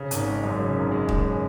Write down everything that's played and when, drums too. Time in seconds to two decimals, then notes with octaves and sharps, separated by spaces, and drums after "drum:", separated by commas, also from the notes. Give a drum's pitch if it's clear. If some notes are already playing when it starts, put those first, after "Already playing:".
Already playing: C#3
0.11 G#1, drum: hi-hat
0.27 G#3
0.44 F#2
0.59 C#3
0.76 G#1
0.92 G#3
1.09 F#2, drum: kick D#1
1.25 C#3